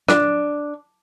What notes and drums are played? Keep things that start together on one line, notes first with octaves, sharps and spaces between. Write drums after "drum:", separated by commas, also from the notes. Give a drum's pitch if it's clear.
D4, drum: rim click